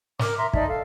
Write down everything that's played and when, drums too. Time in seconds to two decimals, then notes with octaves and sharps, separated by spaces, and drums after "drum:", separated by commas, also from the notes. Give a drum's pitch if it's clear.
0.19 A#4 D6 F6, drum: snare
0.37 E5 A#5 C6
0.53 D#4 D5 E5 A5, drum: kick
0.67 A4 F5